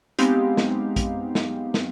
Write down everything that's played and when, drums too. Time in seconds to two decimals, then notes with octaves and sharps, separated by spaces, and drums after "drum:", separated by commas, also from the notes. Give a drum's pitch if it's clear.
0.19 G#3 B3 C4 D#4 G4 F5, drum: hi-hat
0.57 drum: snare
0.96 drum: kick, hi-hat
1.35 drum: snare
1.74 drum: snare